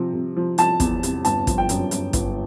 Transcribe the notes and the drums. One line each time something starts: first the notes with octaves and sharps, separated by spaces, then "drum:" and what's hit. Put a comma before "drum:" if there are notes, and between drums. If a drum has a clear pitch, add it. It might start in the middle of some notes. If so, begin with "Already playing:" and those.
Already playing: C3 F3
C3
F3
F3 A5, drum: hi-hat
E2, drum: kick, hi-hat
C3, drum: hi-hat
G1 A5, drum: hi-hat
F3, drum: kick, hi-hat
G5
F#2, drum: hi-hat
F#2, drum: hi-hat
G1, drum: kick, hi-hat